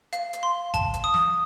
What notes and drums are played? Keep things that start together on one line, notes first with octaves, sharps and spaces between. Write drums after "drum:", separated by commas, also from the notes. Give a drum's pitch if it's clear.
F5, drum: hi-hat
drum: hi-hat
C6
A5, drum: kick G#1, hi-hat
drum: hi-hat
D#6
drum: snare